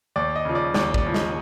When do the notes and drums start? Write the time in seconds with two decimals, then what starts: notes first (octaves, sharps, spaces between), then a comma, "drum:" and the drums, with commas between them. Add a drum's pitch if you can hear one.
0.16 D#2 D5
0.36 D#5
0.45 C#3 F3
0.55 D5
0.74 D#2 D5, drum: snare
0.94 D5, drum: kick A1
1.05 C#3 F3
1.14 D#5, drum: snare